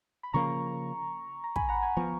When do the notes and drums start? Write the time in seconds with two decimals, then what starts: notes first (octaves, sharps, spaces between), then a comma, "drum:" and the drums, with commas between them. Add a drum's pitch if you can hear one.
0.23 B5
0.33 C#3 F3 A#3 A#5 C#6
1.44 A#5
1.56 G#5 B5, drum: kick
1.69 F#5 A#5
1.83 G#5 B5
1.97 F3 B3 A#5 C#6